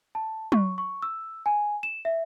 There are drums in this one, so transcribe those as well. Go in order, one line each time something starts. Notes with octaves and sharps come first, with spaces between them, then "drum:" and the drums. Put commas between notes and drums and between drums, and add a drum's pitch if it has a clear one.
A5
C#6, drum: tom F#3
C#6
E6
G#5
E7
E5